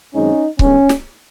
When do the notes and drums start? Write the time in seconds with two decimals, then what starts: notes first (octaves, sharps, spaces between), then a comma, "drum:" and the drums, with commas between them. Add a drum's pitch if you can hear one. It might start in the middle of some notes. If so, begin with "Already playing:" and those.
0.13 F#2 D#3 G#3 C4 C#4 D#4
0.59 G2 D#3 G#3 B3 C#4, drum: kick C#1
0.89 drum: snare